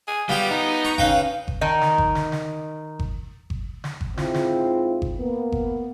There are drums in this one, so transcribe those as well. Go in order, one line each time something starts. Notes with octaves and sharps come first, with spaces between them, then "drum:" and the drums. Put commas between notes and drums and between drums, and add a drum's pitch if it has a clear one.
G#4
G3 B3 F4 G4, drum: snare
D#4
A#5 C#6
C#3 B4 F5 G5, drum: kick G1
drum: kick G1
D#3 D#4
drum: snare
drum: kick G1
drum: snare
drum: snare
drum: kick G1
drum: kick G1
drum: snare
drum: kick G1
G#2 C4 E4 F4, drum: snare
drum: snare
drum: kick G1
A#3 B3
drum: kick G1